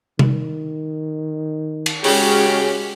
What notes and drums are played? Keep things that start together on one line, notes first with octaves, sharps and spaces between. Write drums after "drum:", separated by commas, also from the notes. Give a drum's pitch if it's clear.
D#3, drum: tom C3
drum: cymbal
C#3 G#3 C#4 F#4 G4, drum: open hi-hat